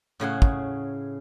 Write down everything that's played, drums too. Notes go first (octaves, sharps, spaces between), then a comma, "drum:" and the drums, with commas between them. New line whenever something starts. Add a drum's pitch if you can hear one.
A2 C#3 G#4 F#5
drum: kick